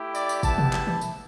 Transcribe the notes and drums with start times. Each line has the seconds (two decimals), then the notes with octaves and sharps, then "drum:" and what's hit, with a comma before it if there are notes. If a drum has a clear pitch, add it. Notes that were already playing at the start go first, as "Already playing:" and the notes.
Already playing: A3 E4 G4
0.15 D5, drum: tambourine
0.29 drum: tambourine
0.43 B3 E4 G4 A5, drum: kick, tambourine
0.58 drum: tom B2
0.73 drum: clap
0.87 drum: tom D#3
1.01 drum: tambourine